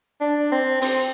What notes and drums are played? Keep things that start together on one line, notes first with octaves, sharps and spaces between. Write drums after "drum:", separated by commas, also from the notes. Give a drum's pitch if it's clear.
D4
C4
C4, drum: open hi-hat